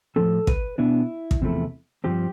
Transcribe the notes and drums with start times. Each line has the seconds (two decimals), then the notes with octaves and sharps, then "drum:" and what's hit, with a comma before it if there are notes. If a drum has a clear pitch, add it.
0.16 A2 F3 C4 A4
0.47 B4, drum: kick
0.78 B2 B3 D4 E4
1.31 drum: kick
1.42 E2 C3 F3 A3 E4
2.04 G2 F3 C4 G4